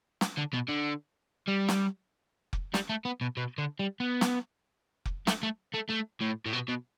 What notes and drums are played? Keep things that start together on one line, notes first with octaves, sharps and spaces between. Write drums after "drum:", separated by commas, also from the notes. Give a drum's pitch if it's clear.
drum: snare
D3
B2
D3
G3
drum: snare
drum: kick F1
G3, drum: snare
A3
B3
B2
B2
D3
G3
B3
drum: snare
drum: kick F1
A3, drum: snare
A3
A3
A3
A2
A2
B2
B2